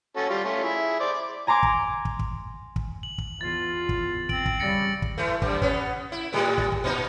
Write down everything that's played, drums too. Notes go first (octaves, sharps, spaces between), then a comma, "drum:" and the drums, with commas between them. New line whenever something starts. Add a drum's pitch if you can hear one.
C#4 F#4 A4
G3 F4 G4
A3 C#4 F4
E4 G#4
C5 D5
D6
G#5 A#5 C6 D6 G#6
drum: kick
drum: kick
drum: kick
drum: kick
F#7
drum: kick
E2 F4 A6
drum: kick
C4 D7 F#7, drum: kick
drum: kick
C#3 G3 A6 A#6 C#7
drum: kick
E3 A3
F#2, drum: kick
B3 C#4, drum: kick
E4
A2 G3 G#3
drum: kick
drum: kick
A#2 D#4